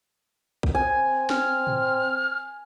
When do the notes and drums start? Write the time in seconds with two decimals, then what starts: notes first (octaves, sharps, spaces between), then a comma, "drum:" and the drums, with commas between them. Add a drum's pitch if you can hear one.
0.63 drum: kick
0.75 C4 G#5
1.30 F6, drum: snare
1.67 drum: tom